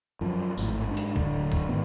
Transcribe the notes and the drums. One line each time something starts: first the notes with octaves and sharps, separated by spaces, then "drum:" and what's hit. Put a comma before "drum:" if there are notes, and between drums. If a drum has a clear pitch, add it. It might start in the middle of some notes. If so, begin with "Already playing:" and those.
F#2 F3
G#1 A2, drum: tambourine
G#2 D4
drum: hi-hat
D1 D3, drum: kick
drum: kick
G#2 D#3 B3